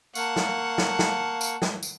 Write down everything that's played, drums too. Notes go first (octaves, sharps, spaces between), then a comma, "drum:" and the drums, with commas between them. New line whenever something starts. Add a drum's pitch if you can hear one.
A#3 F5 F#5 A5 C#6, drum: tambourine
drum: snare
drum: snare
drum: snare
drum: tambourine
drum: snare
drum: tambourine